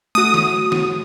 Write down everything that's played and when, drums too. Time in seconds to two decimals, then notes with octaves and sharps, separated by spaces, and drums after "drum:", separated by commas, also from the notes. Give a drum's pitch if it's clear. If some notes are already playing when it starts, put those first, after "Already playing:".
0.15 A3 F#4 D#6
0.34 drum: snare
0.72 drum: snare